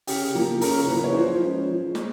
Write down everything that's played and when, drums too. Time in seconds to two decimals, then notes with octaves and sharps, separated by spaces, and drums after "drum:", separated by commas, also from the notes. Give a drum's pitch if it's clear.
0.07 C#3 G4, drum: open hi-hat
0.35 F3 A#3
0.61 C#3 A#4, drum: open hi-hat
0.88 F3 A#3 B4
1.04 C#5
1.14 F3 C5
1.41 G#3 C#4
1.68 F3
1.95 G#3, drum: snare